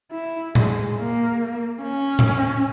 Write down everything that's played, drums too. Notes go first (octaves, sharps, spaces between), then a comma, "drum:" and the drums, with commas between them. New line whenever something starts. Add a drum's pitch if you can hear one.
E4
G#3, drum: tom A2
A#3
C#4
drum: tom A2